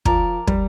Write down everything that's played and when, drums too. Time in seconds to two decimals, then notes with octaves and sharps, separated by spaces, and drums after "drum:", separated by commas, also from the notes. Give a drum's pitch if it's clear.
0.05 F3 A#4 D5 A5, drum: kick
0.47 G3, drum: kick